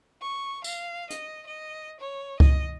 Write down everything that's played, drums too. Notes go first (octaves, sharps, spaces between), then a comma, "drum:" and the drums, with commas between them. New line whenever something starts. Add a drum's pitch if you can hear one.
C#6
F5, drum: tambourine
D#5, drum: hi-hat
D#5
C#5
D#5, drum: kick C#2